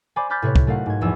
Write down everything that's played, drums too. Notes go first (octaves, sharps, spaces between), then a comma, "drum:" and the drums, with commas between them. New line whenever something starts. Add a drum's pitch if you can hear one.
C5 D5 G#5 B5 D6
B5 D6 F6 G6 A6 B6
A2 C3 B4 C#5
drum: kick
B1 A3 A#4 F5 F#5
G#2 G#6
A#1 E2 E6